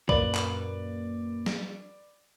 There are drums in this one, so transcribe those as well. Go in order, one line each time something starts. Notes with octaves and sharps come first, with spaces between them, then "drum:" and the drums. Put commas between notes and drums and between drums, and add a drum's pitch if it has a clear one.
F#2 A#2 A#3 B4 D5, drum: kick C2
drum: clap
drum: snare